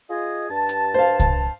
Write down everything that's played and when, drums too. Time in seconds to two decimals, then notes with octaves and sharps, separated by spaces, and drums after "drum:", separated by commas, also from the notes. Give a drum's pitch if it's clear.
0.10 F4 G#4 D#5
0.50 G2 A5
0.69 drum: hi-hat
0.94 C5 F5
1.20 drum: kick C2, hi-hat